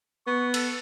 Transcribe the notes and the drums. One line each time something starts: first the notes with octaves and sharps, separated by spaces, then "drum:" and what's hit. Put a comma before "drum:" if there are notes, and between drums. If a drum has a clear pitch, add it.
B3 C#6
A4, drum: cymbal